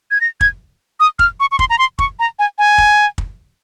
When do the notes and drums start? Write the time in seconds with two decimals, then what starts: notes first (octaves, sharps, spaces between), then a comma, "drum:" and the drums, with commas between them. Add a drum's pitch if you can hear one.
0.11 G#6
0.21 A#6
0.41 G#6, drum: kick
1.00 D#6
1.19 F6, drum: kick
1.40 C#6
1.52 C#6
1.59 C6, drum: kick
1.70 A#5
1.78 C6
1.99 C#6, drum: kick
2.19 A#5
2.39 G#5
2.58 G#5
2.78 drum: kick
3.18 drum: kick